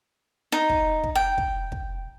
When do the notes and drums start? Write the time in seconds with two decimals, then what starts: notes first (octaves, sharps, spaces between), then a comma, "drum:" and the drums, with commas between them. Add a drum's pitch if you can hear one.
0.52 D#4
0.69 drum: kick
1.04 drum: kick
1.15 G5
1.38 drum: kick
1.72 drum: kick